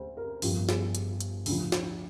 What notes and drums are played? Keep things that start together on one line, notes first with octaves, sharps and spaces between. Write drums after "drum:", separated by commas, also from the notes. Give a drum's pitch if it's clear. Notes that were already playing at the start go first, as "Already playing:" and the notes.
Already playing: D2 C5
A#4
G1 G2 F3 G4, drum: open hi-hat
G#4, drum: snare
drum: hi-hat
drum: hi-hat
D2 D3 F3, drum: open hi-hat
drum: snare